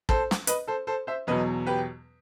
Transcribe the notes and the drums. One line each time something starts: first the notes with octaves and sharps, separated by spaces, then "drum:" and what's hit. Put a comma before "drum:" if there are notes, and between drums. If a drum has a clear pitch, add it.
A4 C5, drum: kick
drum: snare
B4 D#5, drum: hi-hat
A4 C5
A4 C5
C5 E5
E2 B2 F#3 B4 D#5
G4 B4